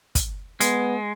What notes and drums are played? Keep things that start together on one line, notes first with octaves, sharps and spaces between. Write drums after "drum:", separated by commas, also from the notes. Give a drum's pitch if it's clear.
drum: kick, hi-hat
G#3 B3, drum: hi-hat